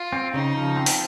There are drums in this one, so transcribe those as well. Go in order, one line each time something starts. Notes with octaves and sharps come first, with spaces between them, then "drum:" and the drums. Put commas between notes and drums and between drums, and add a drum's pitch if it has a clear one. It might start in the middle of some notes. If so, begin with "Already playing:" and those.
Already playing: F4
C4
C#3 D#4
F3
C4
drum: open hi-hat